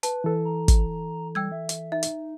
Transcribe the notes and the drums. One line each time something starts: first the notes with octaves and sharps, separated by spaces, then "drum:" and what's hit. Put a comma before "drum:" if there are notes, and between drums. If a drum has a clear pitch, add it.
B4 A5, drum: hi-hat
E3 A4
A#5
drum: kick, hi-hat
G3 G5 E6 G#6
E5
drum: hi-hat
D#4 E5
drum: hi-hat